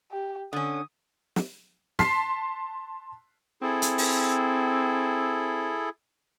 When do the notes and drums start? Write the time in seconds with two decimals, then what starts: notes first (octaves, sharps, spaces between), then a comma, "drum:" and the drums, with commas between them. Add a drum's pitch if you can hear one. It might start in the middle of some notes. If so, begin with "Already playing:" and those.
0.11 G4
0.53 D3 C#4 D#6
1.36 drum: snare
1.99 A5 C6 B6 C7, drum: snare
3.62 C4 E4 G#4 A4
3.82 drum: hi-hat
3.98 drum: open hi-hat